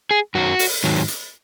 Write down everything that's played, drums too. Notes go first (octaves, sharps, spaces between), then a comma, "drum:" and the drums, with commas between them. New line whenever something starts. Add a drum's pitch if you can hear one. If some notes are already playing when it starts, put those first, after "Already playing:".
G#4
F#2 D#3 F#3 F#4
drum: open hi-hat
G#2 D#3 F#3
drum: hi-hat